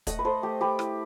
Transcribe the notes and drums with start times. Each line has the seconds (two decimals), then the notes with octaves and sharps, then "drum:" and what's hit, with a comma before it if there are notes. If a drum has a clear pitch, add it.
0.07 A3 D#5 F#5, drum: kick, hi-hat
0.19 B4
0.25 A4 C5
0.43 A3 G4
0.61 G4 B4
0.79 E4, drum: rim click